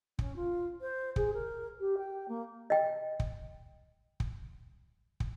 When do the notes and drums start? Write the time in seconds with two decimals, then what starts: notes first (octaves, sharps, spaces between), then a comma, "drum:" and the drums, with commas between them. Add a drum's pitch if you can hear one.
0.19 C#4, drum: kick
0.36 F4
0.81 C5
1.16 G#4, drum: kick
1.33 A#4
1.80 G4
1.97 G5
2.28 A#3
2.70 D#5 G5
3.20 drum: kick
4.20 drum: kick
5.20 drum: kick